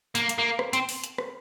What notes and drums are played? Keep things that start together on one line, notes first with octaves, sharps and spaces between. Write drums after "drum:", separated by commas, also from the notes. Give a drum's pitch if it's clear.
A#3, drum: hi-hat
drum: hi-hat
A#3
drum: rim click
C4, drum: hi-hat
drum: open hi-hat
drum: hi-hat
drum: rim click